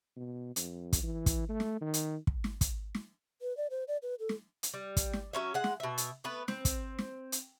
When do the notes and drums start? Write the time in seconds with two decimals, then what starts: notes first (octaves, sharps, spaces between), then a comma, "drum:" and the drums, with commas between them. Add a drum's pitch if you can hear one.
0.16 B2
0.56 F2, drum: hi-hat
0.93 drum: kick, hi-hat
1.03 E3
1.26 drum: kick, hi-hat
1.49 A3
1.60 drum: snare
1.81 D#3
1.94 drum: hi-hat
2.27 drum: kick
2.44 drum: snare
2.61 drum: kick, hi-hat
2.95 drum: snare
3.40 B4
3.57 D5
3.70 C5
3.88 D5
4.02 B4
4.19 A4
4.29 drum: snare
4.63 drum: hi-hat
4.74 G3
4.97 drum: kick, hi-hat
5.13 drum: snare
5.33 F#3 B3 C#4 E5
5.54 G#3 F#5
5.64 drum: snare
5.80 B2 E5
5.98 drum: hi-hat
6.24 A3 B3 B4
6.48 C4, drum: snare
6.65 drum: kick, hi-hat
6.99 drum: snare
7.32 drum: hi-hat